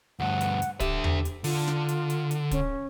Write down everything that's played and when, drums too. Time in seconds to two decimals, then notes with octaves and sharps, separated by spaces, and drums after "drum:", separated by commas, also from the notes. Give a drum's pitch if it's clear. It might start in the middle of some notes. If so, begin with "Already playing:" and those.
0.20 D2 G2 F#5
0.41 drum: hi-hat
0.62 drum: hi-hat
0.80 D3 G4 E5, drum: kick, hi-hat
1.04 drum: tom E2
1.25 drum: hi-hat
1.44 D3 F4, drum: open hi-hat
1.67 drum: snare
1.89 drum: hi-hat
2.10 drum: hi-hat
2.31 drum: hi-hat
2.51 C#4, drum: kick, hi-hat